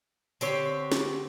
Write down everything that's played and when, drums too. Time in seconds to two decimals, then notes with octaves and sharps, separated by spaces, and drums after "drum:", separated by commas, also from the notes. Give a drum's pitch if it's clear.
0.41 D3 C4 G4 C#5, drum: tambourine
0.92 drum: snare